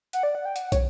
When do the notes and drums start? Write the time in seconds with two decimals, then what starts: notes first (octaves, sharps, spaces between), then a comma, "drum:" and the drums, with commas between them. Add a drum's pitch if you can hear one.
0.13 F#5, drum: hi-hat
0.23 D5
0.35 F#5
0.45 G5
0.56 F#5, drum: hi-hat
0.72 C#5, drum: kick, hi-hat